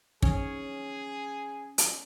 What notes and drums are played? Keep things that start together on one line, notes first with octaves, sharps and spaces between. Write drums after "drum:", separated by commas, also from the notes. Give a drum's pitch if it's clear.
C#4 G#4, drum: kick
drum: hi-hat